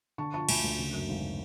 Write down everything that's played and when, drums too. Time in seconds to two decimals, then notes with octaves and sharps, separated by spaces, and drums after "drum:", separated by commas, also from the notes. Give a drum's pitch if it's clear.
0.18 D3 A5 C#6
0.34 F3 A5 C#6
0.49 D2 G#5 B5, drum: cymbal
0.64 D2
0.79 C#3
0.93 F#2
1.09 G#1